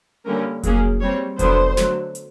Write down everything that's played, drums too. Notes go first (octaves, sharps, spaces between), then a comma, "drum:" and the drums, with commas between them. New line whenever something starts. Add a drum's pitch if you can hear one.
D3 G3 A#3 C#4 A#4
F#3 A#3 C#4 G#4, drum: kick F1, hi-hat
G3 C4 C#5
D3 F#3 B3 D4 C5, drum: kick F1, hi-hat
D3 F#3 A3, drum: snare
drum: hi-hat